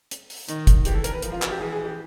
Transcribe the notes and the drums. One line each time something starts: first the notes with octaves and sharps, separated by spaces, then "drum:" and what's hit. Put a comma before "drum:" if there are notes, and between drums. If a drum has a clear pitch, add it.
drum: hi-hat
drum: open hi-hat
D#3, drum: hi-hat
drum: kick, hi-hat
E3 G4, drum: hi-hat
A4
A#4, drum: hi-hat
B4
F3 A#4, drum: hi-hat
F4
F#4, drum: clap
G4
E3 G#4
G#4
G4